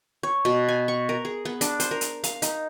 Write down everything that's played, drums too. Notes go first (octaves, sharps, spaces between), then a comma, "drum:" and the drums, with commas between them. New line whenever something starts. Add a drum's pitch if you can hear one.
C#5
B2
G#5
C#6
A#4
G#4
B3
D4, drum: hi-hat
C5, drum: hi-hat
A#4
drum: hi-hat
F5, drum: hi-hat
D#4, drum: hi-hat